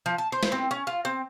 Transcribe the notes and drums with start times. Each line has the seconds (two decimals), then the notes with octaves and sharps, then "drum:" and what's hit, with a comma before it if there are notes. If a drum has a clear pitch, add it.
0.06 F3
0.18 A5
0.32 C5
0.43 drum: snare
0.52 C4
0.71 C#4
0.87 F4
1.05 C4